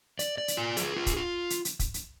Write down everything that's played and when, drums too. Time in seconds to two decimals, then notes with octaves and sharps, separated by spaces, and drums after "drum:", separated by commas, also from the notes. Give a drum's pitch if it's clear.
0.19 D5, drum: hi-hat
0.38 D5
0.48 drum: hi-hat
0.57 F4
0.77 G#4, drum: hi-hat
0.96 F4
1.06 drum: kick, hi-hat
1.16 F4
1.50 drum: hi-hat
1.65 drum: hi-hat
1.79 drum: kick, hi-hat
1.94 drum: hi-hat